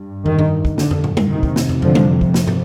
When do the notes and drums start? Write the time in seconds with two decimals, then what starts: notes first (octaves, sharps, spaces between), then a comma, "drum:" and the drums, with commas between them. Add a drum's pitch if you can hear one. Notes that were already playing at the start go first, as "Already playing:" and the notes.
Already playing: G2
0.26 D#3, drum: tom
0.39 drum: tom
0.65 drum: kick
0.78 D3, drum: snare
0.91 drum: tom
1.04 drum: tom
1.17 drum: tom G3
1.30 F2 C3 D#3
1.43 drum: kick
1.56 drum: snare
1.69 drum: tom
1.82 D3 F3, drum: tom
1.95 drum: tom G3
2.21 drum: kick
2.34 drum: snare
2.47 drum: tom